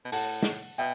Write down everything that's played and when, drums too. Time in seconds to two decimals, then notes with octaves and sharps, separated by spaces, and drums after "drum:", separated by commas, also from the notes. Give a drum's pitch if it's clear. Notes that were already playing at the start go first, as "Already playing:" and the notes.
0.05 B2
0.12 A2 F#5 A5, drum: open hi-hat
0.42 drum: snare
0.78 B2 E5 G5